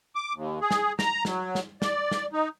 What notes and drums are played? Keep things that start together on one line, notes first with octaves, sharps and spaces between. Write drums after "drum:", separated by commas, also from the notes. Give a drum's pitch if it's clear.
D6
D#2
G#4
drum: snare
A#5, drum: snare
F#3, drum: snare
drum: snare
D5, drum: snare
drum: snare
D#4